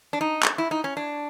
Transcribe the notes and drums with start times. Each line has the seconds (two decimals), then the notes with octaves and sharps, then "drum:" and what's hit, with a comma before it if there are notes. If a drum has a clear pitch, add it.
0.13 D4
0.21 D#4
0.43 drum: clap
0.58 E4
0.71 D#4
0.84 C#4
0.97 D4